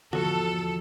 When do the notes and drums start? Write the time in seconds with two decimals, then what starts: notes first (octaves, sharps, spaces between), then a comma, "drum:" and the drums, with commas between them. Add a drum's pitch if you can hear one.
0.13 E2 F3 F#4 A4, drum: tom D3